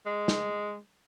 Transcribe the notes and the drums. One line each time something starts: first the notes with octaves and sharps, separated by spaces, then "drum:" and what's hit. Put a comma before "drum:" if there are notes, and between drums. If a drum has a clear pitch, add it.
G#3
drum: snare